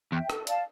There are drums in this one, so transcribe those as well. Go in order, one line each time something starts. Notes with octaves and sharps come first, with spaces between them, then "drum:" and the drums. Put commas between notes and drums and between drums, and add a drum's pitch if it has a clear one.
E2 E5 G5
A4, drum: rim click
D5 F5 A5, drum: hi-hat